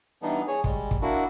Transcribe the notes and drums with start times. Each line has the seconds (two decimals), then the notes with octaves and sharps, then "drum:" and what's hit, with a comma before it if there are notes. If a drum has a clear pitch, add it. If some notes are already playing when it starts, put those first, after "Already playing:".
0.22 E3 G3 B3 D4 D#4
0.48 G#4 C#5
0.64 G3 G#3, drum: kick
0.91 drum: kick
1.02 A#3 D4 E4 F#4